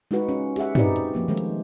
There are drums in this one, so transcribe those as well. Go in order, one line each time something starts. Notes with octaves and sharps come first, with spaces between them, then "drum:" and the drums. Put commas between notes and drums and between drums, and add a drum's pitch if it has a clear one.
G#3 D#4 F4 F#4 B4 F#5
C#4
G4 G#4 E5 F#5, drum: hi-hat
C4 D#4 F#4 G4 B4 D5, drum: tom
drum: hi-hat
F3 A#3 D#4
D#3 G#3 A3 C5
drum: hi-hat